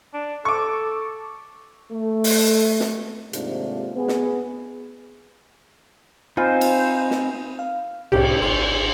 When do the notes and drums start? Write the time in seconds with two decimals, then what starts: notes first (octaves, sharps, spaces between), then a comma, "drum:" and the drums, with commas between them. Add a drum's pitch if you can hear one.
0.14 D4
0.45 A4 C#6 D6
1.92 A3
2.24 drum: open hi-hat
2.80 drum: snare
3.33 D#2 G#2 C3 A3 D4 F4, drum: hi-hat
3.96 B3 G#4
4.08 drum: snare
6.37 C4 D#4 F4 C5 D#5 G#5 B5
6.61 drum: cymbal
7.11 drum: snare
7.59 F5
8.12 C2 A2 C3 G4, drum: cymbal
8.41 G#1 C6